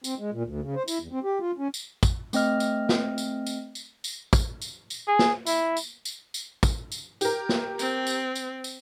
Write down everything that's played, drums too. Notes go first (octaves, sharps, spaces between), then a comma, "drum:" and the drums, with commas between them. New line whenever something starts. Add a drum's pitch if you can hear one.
C4, drum: tambourine
G#3
A#2
D2
C#3
C5
E4, drum: tambourine
E2
C4
G4
F4
C#4
drum: tambourine
drum: kick, tambourine
A3 C4 D#5 F6, drum: tambourine
drum: tambourine
drum: snare
drum: tambourine
drum: tambourine
drum: tambourine
drum: tambourine
drum: kick, tambourine
drum: tambourine
drum: tambourine
G#4
drum: snare
E4, drum: tambourine
drum: tambourine
drum: tambourine
drum: tambourine
drum: kick, tambourine
drum: tambourine
G4 A#4, drum: tambourine
drum: snare
C4, drum: tambourine
drum: tambourine
drum: tambourine
drum: tambourine